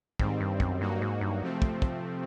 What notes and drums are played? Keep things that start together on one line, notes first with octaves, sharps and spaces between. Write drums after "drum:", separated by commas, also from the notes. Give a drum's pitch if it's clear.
G#2 D#3 G3 C4, drum: kick
G2
F#2, drum: kick
G2 F#3 A#3 D#4 F#4
G#2
G2
C3 F3 A3 C4
drum: kick
drum: kick